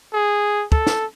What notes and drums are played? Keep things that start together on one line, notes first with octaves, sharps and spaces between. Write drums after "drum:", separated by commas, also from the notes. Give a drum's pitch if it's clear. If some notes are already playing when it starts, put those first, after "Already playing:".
G#4
A4, drum: kick
drum: snare